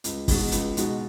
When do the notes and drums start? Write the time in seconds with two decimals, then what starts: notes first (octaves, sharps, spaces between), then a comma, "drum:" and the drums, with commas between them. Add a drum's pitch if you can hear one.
0.04 C#2, drum: hi-hat
0.28 B2 G#3 D#4 F#4, drum: kick, open hi-hat
0.52 C#2, drum: hi-hat
0.77 B2 G#3 D#4 F#4, drum: hi-hat